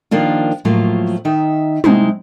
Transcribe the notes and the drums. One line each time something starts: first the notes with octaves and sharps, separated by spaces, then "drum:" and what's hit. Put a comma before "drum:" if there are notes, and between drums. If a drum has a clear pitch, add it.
D#3 F3 A#3 D4 F4
A2 F3 F#3 A#3 F4
D#3 D#4 E5
C3 G#3 D#4 E4 C5, drum: tom